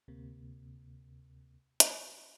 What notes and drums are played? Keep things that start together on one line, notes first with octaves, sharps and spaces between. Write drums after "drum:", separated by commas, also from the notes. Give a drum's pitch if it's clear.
D2 C3 A#3
drum: hi-hat